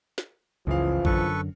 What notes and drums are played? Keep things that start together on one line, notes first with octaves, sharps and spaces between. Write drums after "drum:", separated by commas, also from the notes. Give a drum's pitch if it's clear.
drum: snare
F#1 C#2 E3 F3 G#4 F5
F#2 D3 A4 B4 C#6, drum: kick A1